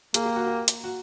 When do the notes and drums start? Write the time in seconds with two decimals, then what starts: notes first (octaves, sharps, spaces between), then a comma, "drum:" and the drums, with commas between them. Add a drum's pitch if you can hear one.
0.14 A#3 G#4, drum: hi-hat
0.25 G4
0.36 F#4
0.46 G4
0.68 drum: hi-hat
0.84 F#4